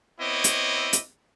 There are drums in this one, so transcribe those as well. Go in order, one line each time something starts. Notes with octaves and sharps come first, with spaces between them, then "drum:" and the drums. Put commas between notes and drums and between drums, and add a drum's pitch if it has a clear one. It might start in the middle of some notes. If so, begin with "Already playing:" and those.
B3 C4 E4 C#5 D#5 D6
drum: hi-hat
drum: hi-hat